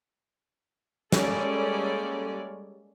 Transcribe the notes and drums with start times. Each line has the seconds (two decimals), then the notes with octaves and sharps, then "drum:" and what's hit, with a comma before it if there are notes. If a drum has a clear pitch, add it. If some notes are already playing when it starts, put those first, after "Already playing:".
1.12 G3 G#3 A#3 C#4 A4 D5, drum: snare